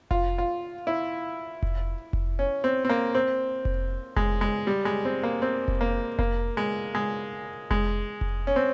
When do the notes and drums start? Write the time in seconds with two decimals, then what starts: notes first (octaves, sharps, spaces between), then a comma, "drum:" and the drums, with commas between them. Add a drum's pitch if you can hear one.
0.11 F4, drum: kick F1
0.38 F4
0.87 E4
1.63 drum: kick F1
2.13 drum: kick F1
2.39 C#4
2.64 C4
2.85 C4
2.89 A#3
3.15 C4
3.65 drum: kick F1
4.16 G#3, drum: kick F1
4.41 G#3
4.67 G3
4.85 G#3
5.05 C4
5.23 A#3
5.42 C4
5.68 drum: kick F1
5.81 A#3
6.19 A#3, drum: kick F1
6.57 G#3
6.95 G#3
7.71 G#3, drum: kick F1
8.21 drum: kick F1
8.47 C#4
8.56 C4